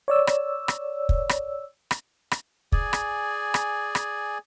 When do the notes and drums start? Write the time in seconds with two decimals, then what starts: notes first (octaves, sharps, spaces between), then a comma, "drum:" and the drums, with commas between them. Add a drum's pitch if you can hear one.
0.08 C#5 D5 E6
0.27 drum: rim click
0.68 drum: rim click
1.09 drum: kick
1.29 drum: rim click
1.91 drum: rim click
2.32 drum: rim click
2.72 G#4 D5 G#5, drum: kick
2.93 drum: rim click
3.54 drum: rim click
3.95 drum: rim click